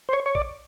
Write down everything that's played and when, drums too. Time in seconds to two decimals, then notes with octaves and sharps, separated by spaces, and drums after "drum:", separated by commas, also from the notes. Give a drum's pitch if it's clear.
0.09 C5
0.13 C#5
0.26 C#5
0.35 D5, drum: kick